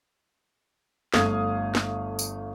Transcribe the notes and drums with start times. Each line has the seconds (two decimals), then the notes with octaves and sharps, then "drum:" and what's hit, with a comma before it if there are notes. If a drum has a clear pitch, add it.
1.14 G1 A3 F5 D#6 G#6, drum: snare
1.75 drum: snare
2.19 drum: tambourine